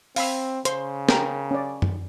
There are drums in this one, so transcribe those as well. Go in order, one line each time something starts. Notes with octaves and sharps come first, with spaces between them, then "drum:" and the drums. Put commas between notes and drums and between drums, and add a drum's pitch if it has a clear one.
C4 F5 B5 E6, drum: open hi-hat
C#3 C5 C6, drum: hi-hat
A#4 G5 A#5, drum: snare
C#4 D5
drum: tom F#2